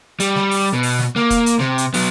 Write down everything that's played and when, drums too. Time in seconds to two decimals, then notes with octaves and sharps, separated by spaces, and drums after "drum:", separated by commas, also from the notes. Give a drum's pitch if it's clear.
0.20 G3, drum: hi-hat
0.35 drum: snare
0.51 drum: open hi-hat
0.74 B2
0.83 drum: open hi-hat
0.99 drum: snare
1.16 A#3, drum: snare
1.30 drum: kick E1, hi-hat
1.46 drum: hi-hat
1.59 C3, drum: snare
1.78 drum: hi-hat
1.94 F#3 B3, drum: open hi-hat